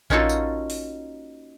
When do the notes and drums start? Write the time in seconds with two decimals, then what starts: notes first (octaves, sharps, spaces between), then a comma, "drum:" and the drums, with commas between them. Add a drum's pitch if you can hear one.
0.10 A#3 C#4 D#4 F4 F#4 A4, drum: kick A#1
0.29 drum: tambourine
0.70 drum: open hi-hat